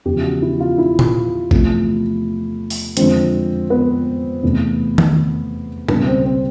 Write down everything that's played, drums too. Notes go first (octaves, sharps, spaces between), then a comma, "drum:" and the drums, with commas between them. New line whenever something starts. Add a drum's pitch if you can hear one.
E2 C#3 F3 G4
F#4
E4
F4
E4
drum: tom A#2
E2 C3 F3 A3, drum: kick
drum: open hi-hat
F2 D3 F3 G#3 C4, drum: hi-hat
B3
E2 C3 E3 A3
drum: tom D#3
C#2 B2 G3 A#3 B3, drum: tom
C4
C4